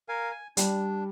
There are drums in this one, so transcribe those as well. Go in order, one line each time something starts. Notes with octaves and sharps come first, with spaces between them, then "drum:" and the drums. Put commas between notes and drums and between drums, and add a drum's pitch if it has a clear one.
A#4 F5 G#5
G#5
G3 D4, drum: hi-hat